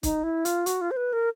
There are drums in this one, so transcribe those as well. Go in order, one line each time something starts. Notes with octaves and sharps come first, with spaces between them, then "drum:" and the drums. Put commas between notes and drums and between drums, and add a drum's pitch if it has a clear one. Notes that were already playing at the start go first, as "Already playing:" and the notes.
D#4, drum: kick, hi-hat
E4
F4, drum: hi-hat
F#4, drum: hi-hat
F4
C5
B4
A#4